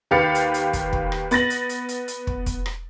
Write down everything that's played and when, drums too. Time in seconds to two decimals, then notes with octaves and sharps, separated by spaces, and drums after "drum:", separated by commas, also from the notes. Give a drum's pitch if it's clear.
0.11 D#2 G4 B4 F5 A6 C#7
0.35 drum: hi-hat
0.54 drum: hi-hat
0.73 drum: kick, hi-hat
0.93 drum: kick
1.12 drum: rim click
1.31 B3 A6 A#6 F#7, drum: hi-hat
1.50 drum: hi-hat
1.70 drum: hi-hat
1.89 drum: hi-hat
2.08 drum: hi-hat
2.27 drum: kick
2.46 drum: kick, hi-hat
2.66 drum: rim click